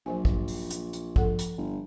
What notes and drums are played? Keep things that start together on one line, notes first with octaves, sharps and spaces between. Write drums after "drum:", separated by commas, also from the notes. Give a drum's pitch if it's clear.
A#1 F#3 C5 G#5
drum: kick
drum: open hi-hat
drum: hi-hat
drum: hi-hat
F3 A4 F#5, drum: kick
drum: hi-hat
G1